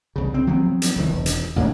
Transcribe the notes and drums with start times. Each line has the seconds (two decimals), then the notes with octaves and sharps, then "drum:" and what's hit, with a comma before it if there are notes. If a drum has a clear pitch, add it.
0.16 C2 C#3
0.34 C4
0.47 F3 F#3 B3 C4
0.82 drum: hi-hat
0.96 C2 D#3 E3
1.09 E1
1.26 drum: hi-hat
1.56 A1 G#2 A#3 D4